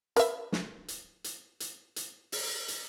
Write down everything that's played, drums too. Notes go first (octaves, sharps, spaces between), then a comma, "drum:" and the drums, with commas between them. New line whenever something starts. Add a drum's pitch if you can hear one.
A#4 B4 E5, drum: hi-hat
drum: snare
drum: hi-hat
drum: hi-hat
drum: hi-hat
drum: hi-hat
drum: open hi-hat
drum: hi-hat